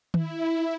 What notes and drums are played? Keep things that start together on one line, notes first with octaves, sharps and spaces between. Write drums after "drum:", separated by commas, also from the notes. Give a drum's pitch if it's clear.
E4, drum: tom D#3